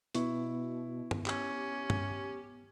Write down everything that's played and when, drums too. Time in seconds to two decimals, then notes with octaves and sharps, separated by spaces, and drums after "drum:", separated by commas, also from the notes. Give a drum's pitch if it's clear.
0.15 B2 B3 E4 C#6, drum: hi-hat
1.11 drum: tom
1.26 C#4 G4, drum: clap
1.90 drum: tom G2